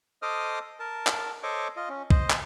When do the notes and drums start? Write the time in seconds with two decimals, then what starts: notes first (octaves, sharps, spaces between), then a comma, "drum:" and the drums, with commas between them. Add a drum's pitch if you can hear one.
0.22 A4 C5 D#5 D6 D#6 F6
0.79 A#4 A5
1.07 drum: clap
1.43 A4 C5 C#5 D#5 C#6 D6
1.76 F4 D#5
1.89 C#4
2.10 C5 D#5, drum: kick
2.30 drum: clap